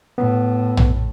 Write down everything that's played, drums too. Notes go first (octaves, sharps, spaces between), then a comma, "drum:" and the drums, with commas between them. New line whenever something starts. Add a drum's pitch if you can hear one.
A2 B3
drum: tom A#1